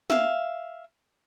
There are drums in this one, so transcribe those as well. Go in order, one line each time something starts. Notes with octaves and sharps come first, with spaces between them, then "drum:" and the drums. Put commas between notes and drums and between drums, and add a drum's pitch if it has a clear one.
E5 F5, drum: snare